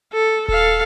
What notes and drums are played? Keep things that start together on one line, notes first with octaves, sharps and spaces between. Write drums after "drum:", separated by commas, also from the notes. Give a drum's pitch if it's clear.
A4
A4 F5, drum: kick D#1